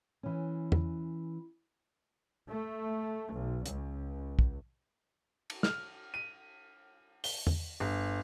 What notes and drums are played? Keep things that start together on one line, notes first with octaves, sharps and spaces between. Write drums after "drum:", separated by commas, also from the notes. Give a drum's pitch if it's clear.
E3 C#4
drum: tom E2
A3
B1
C#2, drum: hi-hat
drum: kick
drum: cymbal
F6, drum: snare
D#7
G7, drum: open hi-hat
drum: tom E2
G1